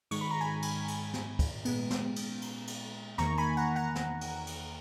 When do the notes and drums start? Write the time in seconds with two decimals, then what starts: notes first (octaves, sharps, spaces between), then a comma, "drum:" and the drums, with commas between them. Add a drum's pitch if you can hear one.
0.11 G#2 D#3 G#3 C#6, drum: cymbal
0.21 B5
0.31 A#5
0.41 G#5 B5
0.62 drum: cymbal
0.88 drum: cymbal
1.14 drum: snare
1.39 drum: kick, cymbal
1.65 A#2 G#3 B3, drum: cymbal
1.90 drum: snare
2.16 drum: cymbal
2.42 drum: cymbal
2.67 drum: cymbal
3.18 E2 D#3 A#3 A#5 C#6, drum: snare
3.37 G#5 B5
3.57 F#5 A#5
3.76 F#5 A#5
3.95 drum: snare
4.21 drum: cymbal
4.47 drum: cymbal